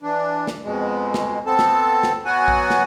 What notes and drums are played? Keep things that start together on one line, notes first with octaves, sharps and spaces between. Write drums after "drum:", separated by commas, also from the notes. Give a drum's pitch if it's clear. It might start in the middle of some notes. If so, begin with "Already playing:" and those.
E3 D4
drum: snare
F2 B2 G#3
drum: snare
B3 C4 A4 A5
drum: snare
drum: snare
F#3 B3 F#4 F#5 G#5
drum: kick
drum: snare